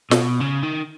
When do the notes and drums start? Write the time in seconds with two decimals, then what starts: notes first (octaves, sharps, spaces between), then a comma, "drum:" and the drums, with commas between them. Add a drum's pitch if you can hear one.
0.11 B2, drum: snare
0.40 C#3
0.63 D#3